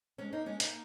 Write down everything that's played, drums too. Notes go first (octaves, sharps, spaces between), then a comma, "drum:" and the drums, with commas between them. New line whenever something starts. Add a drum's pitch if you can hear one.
G#3 C#4
A#3 D#4
G#3 C#4
A#3 D#4, drum: hi-hat